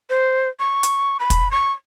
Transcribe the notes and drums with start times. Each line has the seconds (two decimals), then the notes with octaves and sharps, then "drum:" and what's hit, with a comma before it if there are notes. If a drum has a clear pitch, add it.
0.10 C5
0.60 C#6
0.83 drum: hi-hat
1.20 B5
1.30 drum: kick, hi-hat
1.51 C#6